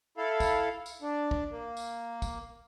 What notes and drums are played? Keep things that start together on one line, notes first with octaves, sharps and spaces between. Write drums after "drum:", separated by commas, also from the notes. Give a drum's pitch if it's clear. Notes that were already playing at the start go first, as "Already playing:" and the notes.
E4 A4 F5
drum: kick, tambourine
drum: tambourine
D4
drum: kick
A#3
drum: tambourine
drum: kick, tambourine